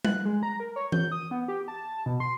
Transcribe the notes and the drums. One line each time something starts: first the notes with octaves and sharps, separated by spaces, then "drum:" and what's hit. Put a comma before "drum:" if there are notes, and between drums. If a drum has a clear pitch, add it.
F#6, drum: tom G3
G#3
A#5
A#4
C#5
G6, drum: tom E3
D#6
B3
G4
A5
B2
C6